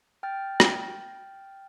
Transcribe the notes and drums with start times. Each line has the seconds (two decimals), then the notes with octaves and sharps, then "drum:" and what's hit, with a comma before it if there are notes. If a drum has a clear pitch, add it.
0.23 G5 F6 A6
0.60 drum: rim click